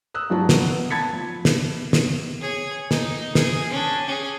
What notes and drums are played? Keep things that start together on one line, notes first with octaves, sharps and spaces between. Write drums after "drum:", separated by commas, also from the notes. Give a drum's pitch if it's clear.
D#6 E6 F#6
G2 F3 F#3 A5
drum: snare
B3
A5 B5 G#6 A6 B6 C#7
F3
drum: snare
drum: snare
G#4 C#5
D#4, drum: snare
G#4, drum: snare
C#4 D4
C#4 G#4